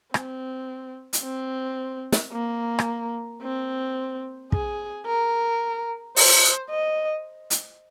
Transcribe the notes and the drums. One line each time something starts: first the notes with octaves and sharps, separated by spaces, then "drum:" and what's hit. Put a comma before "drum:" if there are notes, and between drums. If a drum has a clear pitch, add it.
C4, drum: rim click
drum: hi-hat
C4
drum: snare
A#3
drum: rim click
C4
G#4, drum: kick
A#4
C5, drum: open hi-hat
D#5
drum: hi-hat